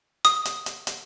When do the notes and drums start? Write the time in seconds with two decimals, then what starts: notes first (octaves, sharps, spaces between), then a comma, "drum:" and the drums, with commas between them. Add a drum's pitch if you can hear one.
0.25 D#6, drum: hi-hat
0.45 drum: hi-hat
0.66 drum: hi-hat
0.87 drum: hi-hat